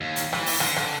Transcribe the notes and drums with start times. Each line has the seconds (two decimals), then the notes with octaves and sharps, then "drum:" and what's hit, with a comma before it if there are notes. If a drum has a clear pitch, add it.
0.01 D#2
0.16 drum: hi-hat
0.33 E3, drum: rim click
0.46 drum: open hi-hat
0.60 D3, drum: rim click
0.76 drum: rim click